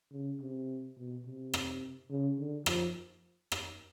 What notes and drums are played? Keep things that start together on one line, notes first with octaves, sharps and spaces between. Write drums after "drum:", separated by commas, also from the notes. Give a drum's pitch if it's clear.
C#3
C3
B2
C3
drum: rim click
C#3
D3
F3, drum: rim click
drum: rim click